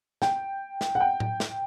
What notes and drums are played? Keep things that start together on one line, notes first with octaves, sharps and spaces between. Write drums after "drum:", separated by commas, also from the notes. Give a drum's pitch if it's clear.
G5, drum: snare
drum: snare
F#5
G5
drum: tom A2
drum: snare